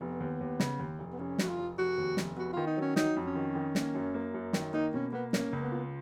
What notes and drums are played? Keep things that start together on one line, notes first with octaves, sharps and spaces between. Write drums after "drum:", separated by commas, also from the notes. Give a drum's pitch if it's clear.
F1 B3
D#2
D#2
C#3, drum: snare
D#2
F1
B3
F1 C#4
F1 F#4, drum: snare
F4
F1
F1 F#4
D#2
F1, drum: snare
B3 F#4
D#3 F4
D#4
F#3 C#4
F#3 D#4, drum: snare
F2
C#4
D#3
D#3
A#3, drum: snare
F#2
A#3
F#2
D#3, drum: snare
A#3 D#4
B2 C#4
A#3 B3
A#3 C#4, drum: snare
C#2
B3
F4